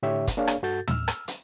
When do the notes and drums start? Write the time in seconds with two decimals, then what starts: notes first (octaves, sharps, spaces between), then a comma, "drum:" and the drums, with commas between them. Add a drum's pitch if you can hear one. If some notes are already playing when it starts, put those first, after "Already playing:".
0.03 A2 D3 G4 C#5 E5
0.27 drum: kick, hi-hat
0.37 A#3 D4 G#4 C#5 F5
0.47 drum: rim click
0.63 G2 F#4 A4 G6 A6
0.88 E6 F6, drum: tom
1.08 drum: rim click
1.28 drum: hi-hat